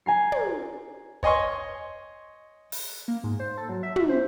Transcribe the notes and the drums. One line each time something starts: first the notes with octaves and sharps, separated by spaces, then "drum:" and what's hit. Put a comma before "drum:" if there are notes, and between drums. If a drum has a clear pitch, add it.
G#5 A#5 C7
drum: tom
C#5 D#5 G#5 C6 C#6, drum: kick
drum: open hi-hat
A#3
G#2
C5
A4
F#3
E5
E5, drum: tom
C5